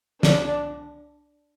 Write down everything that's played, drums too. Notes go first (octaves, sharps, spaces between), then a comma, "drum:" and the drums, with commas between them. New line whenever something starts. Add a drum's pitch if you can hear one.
D4, drum: snare